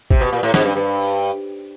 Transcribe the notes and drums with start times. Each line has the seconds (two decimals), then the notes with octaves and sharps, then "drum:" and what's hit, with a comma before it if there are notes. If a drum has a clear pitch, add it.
0.10 C3, drum: kick
0.21 B2
0.32 A#2
0.43 A2
0.54 G#2, drum: snare
0.65 G2
0.76 G2